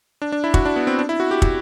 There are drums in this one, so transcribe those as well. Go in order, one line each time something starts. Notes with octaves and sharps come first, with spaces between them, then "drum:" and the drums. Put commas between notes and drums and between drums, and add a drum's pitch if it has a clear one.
D4
D4
E4
F#4, drum: kick
D4
B3
C4
D4
E4
F#4
G4
drum: kick